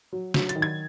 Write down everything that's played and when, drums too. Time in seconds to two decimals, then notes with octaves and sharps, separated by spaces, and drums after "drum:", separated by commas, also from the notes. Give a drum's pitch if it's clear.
0.13 F#3
0.34 F#3, drum: snare
0.49 A6, drum: hi-hat
0.56 D#3
0.62 G#6